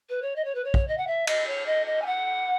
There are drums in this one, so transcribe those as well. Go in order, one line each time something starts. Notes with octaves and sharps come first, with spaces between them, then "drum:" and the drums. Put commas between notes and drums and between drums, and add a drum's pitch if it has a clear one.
B4
C#5
D#5
C#5
B4
C#5
drum: kick
D#5
F#5
E5
D#5, drum: cymbal
C#5
D#5
D#5
G#5
F#5